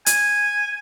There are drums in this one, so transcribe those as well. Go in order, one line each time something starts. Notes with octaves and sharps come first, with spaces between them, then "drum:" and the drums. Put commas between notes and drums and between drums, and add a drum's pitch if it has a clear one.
G#5, drum: hi-hat